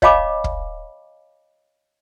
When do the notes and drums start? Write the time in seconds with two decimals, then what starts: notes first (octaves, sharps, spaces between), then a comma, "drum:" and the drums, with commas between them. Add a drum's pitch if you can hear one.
0.02 C#5 D#5 F5 G#5 B5 D6, drum: kick
0.44 drum: kick